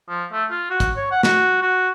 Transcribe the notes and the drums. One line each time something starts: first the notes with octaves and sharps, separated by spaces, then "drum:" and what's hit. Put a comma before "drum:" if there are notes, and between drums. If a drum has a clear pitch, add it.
F3
A3
F4
F#4
drum: kick, hi-hat
C#5
F#5
F#4, drum: snare
F#4